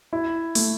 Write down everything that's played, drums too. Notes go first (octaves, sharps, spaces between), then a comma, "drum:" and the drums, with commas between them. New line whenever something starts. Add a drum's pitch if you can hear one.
E4
A3, drum: open hi-hat